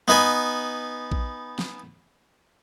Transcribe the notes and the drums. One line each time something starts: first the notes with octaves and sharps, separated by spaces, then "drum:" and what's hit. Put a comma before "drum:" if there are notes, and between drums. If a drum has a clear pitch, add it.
B3 D#4 B4 G#5
drum: kick A#1
drum: snare